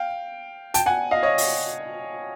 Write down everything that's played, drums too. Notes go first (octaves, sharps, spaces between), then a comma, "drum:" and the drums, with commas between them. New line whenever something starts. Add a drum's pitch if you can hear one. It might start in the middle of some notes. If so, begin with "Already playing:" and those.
Already playing: F5 G5
G5 A5, drum: hi-hat
F#5 G#5
D#5 F5
C#5 D#5
drum: open hi-hat